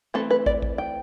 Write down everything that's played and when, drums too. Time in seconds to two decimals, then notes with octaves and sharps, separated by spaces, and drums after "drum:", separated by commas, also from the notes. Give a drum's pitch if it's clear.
0.14 E3 A3 C4 A4
0.30 B4
0.46 D5, drum: kick
0.62 drum: kick
0.78 G5